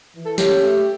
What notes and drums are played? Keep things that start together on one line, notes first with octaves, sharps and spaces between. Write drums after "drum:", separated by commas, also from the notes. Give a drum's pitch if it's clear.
E3
A4
C#4 G4, drum: snare
A3